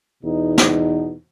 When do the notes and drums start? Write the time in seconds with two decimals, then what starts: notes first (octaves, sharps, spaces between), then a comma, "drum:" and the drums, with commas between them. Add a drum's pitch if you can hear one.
0.23 E2 B2 D#4
0.58 drum: snare